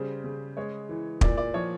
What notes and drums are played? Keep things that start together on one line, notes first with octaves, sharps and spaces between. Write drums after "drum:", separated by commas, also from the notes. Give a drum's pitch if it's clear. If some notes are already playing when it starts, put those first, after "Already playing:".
Already playing: C#3 G3 C5
C#3
G#3 C#5
E3
A#2 D5, drum: kick
D5
F3 C#5